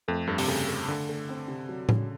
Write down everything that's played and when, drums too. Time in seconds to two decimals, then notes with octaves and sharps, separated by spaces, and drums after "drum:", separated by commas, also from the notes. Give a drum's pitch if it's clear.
0.08 F2 A3
0.27 G2 A3
0.38 C3, drum: open hi-hat
0.48 C#3 A3
0.68 A3
0.88 D3 A3
1.09 A3
1.29 C4
1.48 C3
1.69 F#3
1.89 C#3, drum: tom A2